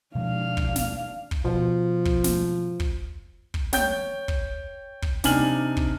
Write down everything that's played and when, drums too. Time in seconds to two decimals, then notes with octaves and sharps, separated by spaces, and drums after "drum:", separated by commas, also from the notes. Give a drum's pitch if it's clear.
0.15 B2 F3 G#3 D4 F5
0.57 drum: kick
0.76 drum: snare
1.31 drum: kick
1.45 B2 F3
2.06 drum: kick
2.24 drum: snare
2.80 drum: kick
3.54 drum: kick
3.73 C#5 G5 G6, drum: snare
4.28 drum: kick
5.03 drum: kick
5.24 C3 D4 D#4 G#5 F6 F#7, drum: snare
5.77 drum: kick